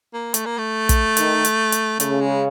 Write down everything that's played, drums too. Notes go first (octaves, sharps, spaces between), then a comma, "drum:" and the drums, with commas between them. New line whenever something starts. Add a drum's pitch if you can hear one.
A#3
A3, drum: hi-hat
A#3
A3
drum: kick, hi-hat
D#3, drum: hi-hat
drum: hi-hat
drum: hi-hat
C#3 A3, drum: hi-hat
G#3